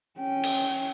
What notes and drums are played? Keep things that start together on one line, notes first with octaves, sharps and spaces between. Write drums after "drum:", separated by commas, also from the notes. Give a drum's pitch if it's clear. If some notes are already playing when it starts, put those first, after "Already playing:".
C#4 G5
drum: cymbal